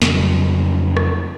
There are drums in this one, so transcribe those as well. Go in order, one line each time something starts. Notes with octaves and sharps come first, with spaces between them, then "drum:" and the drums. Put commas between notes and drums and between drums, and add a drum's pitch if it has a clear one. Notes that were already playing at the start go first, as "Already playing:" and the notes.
F2 C#3 F#3 G3, drum: snare
drum: rim click